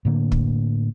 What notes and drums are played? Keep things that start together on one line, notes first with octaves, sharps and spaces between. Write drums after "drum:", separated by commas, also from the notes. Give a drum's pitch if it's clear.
A2 D3 A#3
drum: kick